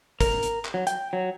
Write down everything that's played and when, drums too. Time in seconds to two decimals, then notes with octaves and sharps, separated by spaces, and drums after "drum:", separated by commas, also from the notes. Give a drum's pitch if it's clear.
0.21 A#4, drum: kick, hi-hat
0.43 drum: hi-hat
0.65 drum: clap
0.74 F#3
0.87 G5, drum: hi-hat
1.13 F#3